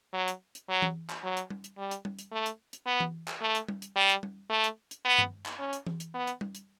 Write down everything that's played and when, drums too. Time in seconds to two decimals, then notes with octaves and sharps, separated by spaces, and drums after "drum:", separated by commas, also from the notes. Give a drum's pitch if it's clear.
0.14 F#3
0.28 drum: hi-hat
0.55 drum: hi-hat
0.69 F#3
0.82 drum: tom E3
1.10 drum: clap
1.23 F#3
1.37 drum: hi-hat
1.50 drum: tom G3
1.64 drum: hi-hat
1.78 G3
1.91 drum: hi-hat
2.05 drum: tom G3
2.19 drum: hi-hat
2.32 A3
2.46 drum: hi-hat
2.73 drum: hi-hat
2.86 B3
3.00 drum: tom E3
3.28 drum: clap
3.41 A3
3.55 drum: hi-hat
3.68 drum: tom G3
3.82 drum: hi-hat
3.96 G3
4.09 drum: hi-hat
4.23 drum: tom G3
4.50 A3
4.64 drum: hi-hat
4.91 drum: hi-hat
5.05 B3
5.18 drum: tom G2
5.46 drum: clap
5.59 C#4
5.73 drum: hi-hat
5.87 drum: tom E3
6.00 drum: hi-hat
6.14 B3
6.27 drum: hi-hat
6.41 drum: tom G3
6.55 drum: hi-hat